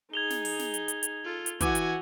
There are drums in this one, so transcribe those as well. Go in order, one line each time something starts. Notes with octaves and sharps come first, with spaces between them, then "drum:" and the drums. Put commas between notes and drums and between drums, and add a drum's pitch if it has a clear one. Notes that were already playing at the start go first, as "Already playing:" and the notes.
D#4 G#4 G#6 F7 G7
drum: snare
drum: open hi-hat
drum: snare
drum: hi-hat
drum: hi-hat
drum: hi-hat
F4 A4
drum: hi-hat
E3 F#4 E5 F#5 G#5 D6, drum: kick, hi-hat
drum: hi-hat